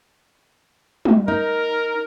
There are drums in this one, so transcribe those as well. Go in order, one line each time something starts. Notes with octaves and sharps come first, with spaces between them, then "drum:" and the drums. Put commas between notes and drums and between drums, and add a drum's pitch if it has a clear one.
drum: tom G3
D#4 A#4